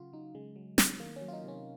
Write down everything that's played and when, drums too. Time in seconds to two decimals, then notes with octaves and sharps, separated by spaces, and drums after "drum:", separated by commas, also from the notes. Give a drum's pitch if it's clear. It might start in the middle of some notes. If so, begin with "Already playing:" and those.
Already playing: C#3 F#3 F4 F#4
0.13 F#3 D#4
0.35 C#3 G#3
0.56 F#3
0.78 F#3, drum: snare
1.00 D#3 A#3
1.16 C#4
1.21 F#3
1.28 F4
1.33 D#4
1.44 C3 C#4